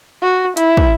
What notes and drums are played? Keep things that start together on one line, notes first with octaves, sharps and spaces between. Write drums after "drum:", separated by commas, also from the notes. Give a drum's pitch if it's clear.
F#4
E4, drum: hi-hat
drum: kick